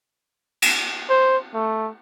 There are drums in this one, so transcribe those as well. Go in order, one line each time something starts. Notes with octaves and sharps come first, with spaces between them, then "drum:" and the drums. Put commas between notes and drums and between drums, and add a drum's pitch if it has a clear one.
drum: cymbal
C5
A3